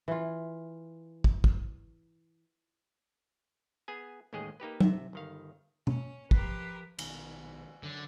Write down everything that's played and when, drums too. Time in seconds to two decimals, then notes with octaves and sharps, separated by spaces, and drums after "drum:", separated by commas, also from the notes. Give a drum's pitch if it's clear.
0.08 E3 F4
1.24 drum: kick
1.44 drum: kick
3.88 B3 G#4 G#5
4.33 A1 D#2 G#3 G#4 D#5 G5
4.60 A#3 D#4 G4 B4
4.80 C3 E5, drum: tom F#3
5.13 G1 D#3 F5
5.87 C#4, drum: tom B2
6.31 F3 G4 A#4 B4, drum: kick
6.99 A#1 B2 D#3, drum: cymbal
7.83 F#2 D3